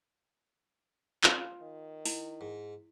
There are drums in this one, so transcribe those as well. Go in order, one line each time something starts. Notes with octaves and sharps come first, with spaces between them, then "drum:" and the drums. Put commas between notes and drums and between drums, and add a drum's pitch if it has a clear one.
F4, drum: clap
D#3
E4, drum: open hi-hat
G#2